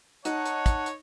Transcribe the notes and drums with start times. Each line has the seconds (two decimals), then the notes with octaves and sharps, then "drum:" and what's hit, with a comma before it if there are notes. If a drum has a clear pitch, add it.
0.25 D#4 C#5 F#5 A5, drum: hi-hat
0.45 drum: hi-hat
0.66 drum: kick, hi-hat
0.86 drum: hi-hat